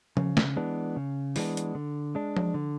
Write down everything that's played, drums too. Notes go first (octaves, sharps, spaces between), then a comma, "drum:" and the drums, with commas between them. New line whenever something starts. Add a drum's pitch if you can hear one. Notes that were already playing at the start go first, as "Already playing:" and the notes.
C#3, drum: tom F3
drum: snare
E3 G#3 B3 D4
C#3
E3 G#3 B3 D4, drum: open hi-hat
drum: hi-hat
D3
G#3 D4
drum: tom F3
D3